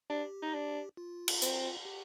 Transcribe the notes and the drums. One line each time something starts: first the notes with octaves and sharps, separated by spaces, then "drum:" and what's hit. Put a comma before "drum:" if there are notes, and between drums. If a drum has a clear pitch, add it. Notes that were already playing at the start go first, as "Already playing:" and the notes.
D4 G4
D#4
D4
F4
drum: cymbal
C4, drum: hi-hat
G4